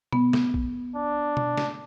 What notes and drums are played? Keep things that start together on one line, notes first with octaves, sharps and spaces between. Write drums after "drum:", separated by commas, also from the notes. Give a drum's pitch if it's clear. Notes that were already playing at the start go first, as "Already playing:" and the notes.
B3, drum: tom B2
drum: snare
drum: kick A#1
D4
drum: tom B2
drum: snare